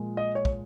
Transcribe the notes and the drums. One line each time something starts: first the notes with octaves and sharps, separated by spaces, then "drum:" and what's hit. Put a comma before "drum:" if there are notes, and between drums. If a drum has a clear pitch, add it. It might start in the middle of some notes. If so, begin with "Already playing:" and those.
Already playing: A#2 F3 G#3
D#5
C#5
drum: kick